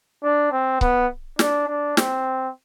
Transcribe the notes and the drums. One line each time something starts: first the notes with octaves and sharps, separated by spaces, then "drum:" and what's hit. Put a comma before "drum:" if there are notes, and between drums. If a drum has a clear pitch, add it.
D4
C4
B3, drum: kick C#1
D4, drum: snare
D4
C4, drum: snare